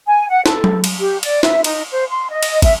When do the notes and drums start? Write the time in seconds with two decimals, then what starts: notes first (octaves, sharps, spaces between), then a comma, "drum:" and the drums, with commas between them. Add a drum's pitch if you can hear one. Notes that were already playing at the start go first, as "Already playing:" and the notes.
0.07 G#5
0.29 F#5
0.46 A4, drum: snare
0.64 drum: tom F#3
0.84 drum: cymbal
0.99 G4
1.23 D5, drum: cymbal
1.43 E5, drum: snare
1.64 D#4, drum: cymbal
1.91 C5
2.09 C6
2.31 D#5
2.43 drum: cymbal
2.62 E5, drum: kick, cymbal